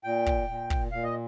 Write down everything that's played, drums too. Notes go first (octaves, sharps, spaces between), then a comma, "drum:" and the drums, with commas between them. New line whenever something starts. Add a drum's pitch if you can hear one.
A#2 G5
drum: kick
A#2
drum: kick
A#2 F5
D#5